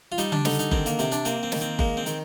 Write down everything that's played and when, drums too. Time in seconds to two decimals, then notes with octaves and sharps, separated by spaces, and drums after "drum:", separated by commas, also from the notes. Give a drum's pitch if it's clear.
0.12 F4
0.18 G3 D#4, drum: hi-hat
0.32 D4, drum: tom C#3
0.45 D3 D#4, drum: snare
0.59 D#4, drum: hi-hat
0.71 D#3 C4, drum: kick F#1
0.86 A#3, drum: hi-hat
0.99 C3 C4, drum: hi-hat
1.12 D4, drum: hi-hat
1.25 A#3 C4, drum: hi-hat
1.43 C4
1.52 D#3, drum: snare
1.61 C4
1.79 G#3 A#3, drum: kick F#1
1.97 C4
2.06 D#3, drum: hi-hat